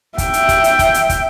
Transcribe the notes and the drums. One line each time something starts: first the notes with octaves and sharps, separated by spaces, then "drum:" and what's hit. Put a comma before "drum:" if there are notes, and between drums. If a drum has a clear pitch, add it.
E5 G5, drum: kick, hi-hat
drum: hi-hat
drum: kick, hi-hat
drum: hi-hat
drum: kick, hi-hat
drum: hi-hat
drum: kick, hi-hat